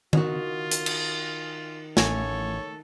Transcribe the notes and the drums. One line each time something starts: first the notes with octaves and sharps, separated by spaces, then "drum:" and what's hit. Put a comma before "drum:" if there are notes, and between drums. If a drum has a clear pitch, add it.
D#3 F4 F#4, drum: tom D#3
drum: hi-hat
drum: cymbal
A1 A4 C#5 G#5, drum: snare